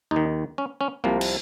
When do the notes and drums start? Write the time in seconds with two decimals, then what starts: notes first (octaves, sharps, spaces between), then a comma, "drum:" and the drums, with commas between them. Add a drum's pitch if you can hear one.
0.11 D#2 D#4
0.16 D#3
0.58 C#4
0.81 C#4
1.04 C2 C3 F3 A#3
1.21 drum: cymbal